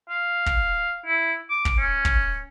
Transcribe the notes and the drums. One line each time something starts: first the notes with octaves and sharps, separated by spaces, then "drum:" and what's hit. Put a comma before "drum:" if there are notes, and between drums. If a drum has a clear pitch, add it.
F5
drum: kick
E4
D6
drum: kick
C#4
drum: kick